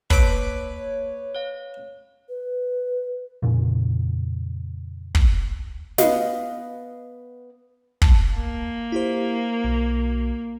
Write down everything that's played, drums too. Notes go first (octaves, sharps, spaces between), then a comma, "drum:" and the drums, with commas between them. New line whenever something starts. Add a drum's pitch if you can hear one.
A#3 B4 C#5 A5 D6, drum: kick
C#5 F5
B4
F2 A#2 C#3
drum: kick
B3 B4 D#5 F5, drum: snare
A5, drum: kick
A#3
E4 G4 C5
B1